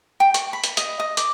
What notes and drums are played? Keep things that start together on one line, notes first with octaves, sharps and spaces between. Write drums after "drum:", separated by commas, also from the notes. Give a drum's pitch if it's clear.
G5
C#6, drum: hi-hat
B5
drum: hi-hat
D#5, drum: hi-hat
D#5
D6, drum: hi-hat